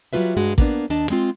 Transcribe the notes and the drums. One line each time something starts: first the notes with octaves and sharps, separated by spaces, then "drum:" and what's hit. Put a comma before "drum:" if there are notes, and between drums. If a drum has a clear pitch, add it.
F#3 G3 A#3 F4 B4 E5
G2 G#3 F#4
A#3 B3 D4, drum: kick
D#2 D4 D#5 A5
G#3 C4 F4